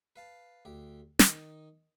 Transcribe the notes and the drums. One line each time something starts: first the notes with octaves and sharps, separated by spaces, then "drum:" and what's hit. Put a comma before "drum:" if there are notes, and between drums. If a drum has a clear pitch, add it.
B4 F5 A5
D2 G4
D#3 D#4, drum: snare